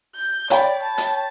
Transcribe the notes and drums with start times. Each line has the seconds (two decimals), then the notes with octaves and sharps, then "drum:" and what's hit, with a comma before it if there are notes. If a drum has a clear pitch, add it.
0.16 G6
0.50 C#5 D5 G5 B5, drum: hi-hat
0.83 A5
0.98 drum: hi-hat